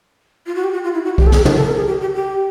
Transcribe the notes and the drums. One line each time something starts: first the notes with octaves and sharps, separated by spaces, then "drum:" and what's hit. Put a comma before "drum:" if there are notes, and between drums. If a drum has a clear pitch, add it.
F4
F#4
G4
F#4
F4
E4
F#4
G4, drum: kick B1
A4
G#4, drum: snare
A#4, drum: tom
A4
A#4
G#4
G4
G4
G4